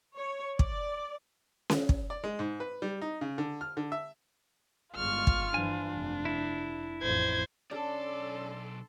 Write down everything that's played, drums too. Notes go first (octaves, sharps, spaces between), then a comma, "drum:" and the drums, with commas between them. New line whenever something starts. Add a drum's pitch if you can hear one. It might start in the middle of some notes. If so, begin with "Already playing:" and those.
C#5
D5, drum: kick
drum: snare C#4
drum: kick
D5
G#3
G#2
B4
G3
D#4
C#3
D3
F6
D3
E5
G1 G#3 F4 C#6 F6
drum: kick
G2 E3 F3 D4 G#5
F1
E4
A1 F2 C5 G#6
B1 C#4 D4 A4 D5 C6